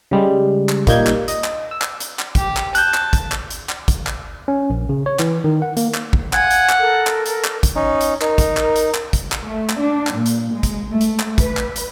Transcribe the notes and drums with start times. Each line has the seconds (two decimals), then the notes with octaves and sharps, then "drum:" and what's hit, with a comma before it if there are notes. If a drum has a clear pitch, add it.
0.11 C#3 G3 G#3
0.69 drum: clap
0.87 A#2 G3 A#3 D#4 G6 G#6, drum: kick, hi-hat
1.07 drum: clap
1.28 D#5, drum: hi-hat
1.44 drum: clap
1.71 E6
1.82 drum: clap
2.00 drum: hi-hat
2.19 drum: clap
2.35 G4, drum: kick, hi-hat
2.57 drum: clap
2.75 A5 F#6 G6, drum: hi-hat
2.94 drum: clap
3.13 drum: kick, hi-hat
3.32 drum: clap
3.50 drum: hi-hat
3.69 drum: clap
3.88 drum: kick, hi-hat
4.07 drum: clap
4.48 C#4
4.70 A#1
4.89 C#3
5.06 C#5
5.19 E3, drum: clap
5.44 D#3
5.62 F#5
5.77 A#3, drum: hi-hat
5.94 drum: clap
6.13 drum: kick
6.33 F5 F#5 G#5 G#6, drum: clap
6.51 drum: hi-hat
6.69 drum: clap
6.80 A4 A#4
7.07 drum: clap
7.26 drum: hi-hat
7.44 drum: clap
7.63 drum: kick, hi-hat
7.76 C#4 D#4
8.01 drum: hi-hat
8.21 D#4 A#4, drum: clap
8.38 drum: kick, hi-hat
8.57 drum: clap
8.76 drum: hi-hat
8.94 drum: clap
9.13 drum: kick, hi-hat
9.32 drum: clap
9.45 A3
9.69 drum: clap
9.80 D4
10.07 drum: clap
10.16 A#2
10.26 drum: hi-hat
10.54 G#3
10.63 drum: kick, hi-hat
10.90 A3
11.01 drum: hi-hat
11.20 drum: clap
11.38 B4, drum: kick, hi-hat
11.57 drum: clap
11.76 drum: hi-hat